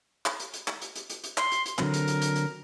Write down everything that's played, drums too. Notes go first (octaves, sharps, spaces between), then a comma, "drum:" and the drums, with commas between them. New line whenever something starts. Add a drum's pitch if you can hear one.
drum: clap
drum: hi-hat
drum: hi-hat
drum: clap
drum: hi-hat
drum: hi-hat
drum: hi-hat
drum: hi-hat
C6, drum: clap
drum: hi-hat
drum: hi-hat
D3 F#3 C4 A#4, drum: clap
drum: hi-hat
drum: hi-hat
drum: hi-hat
drum: hi-hat